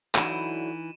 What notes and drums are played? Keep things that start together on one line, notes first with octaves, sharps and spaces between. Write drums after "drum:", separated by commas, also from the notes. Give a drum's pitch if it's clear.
D3 E3 F#3 D#4 E4 D#7 E7, drum: clap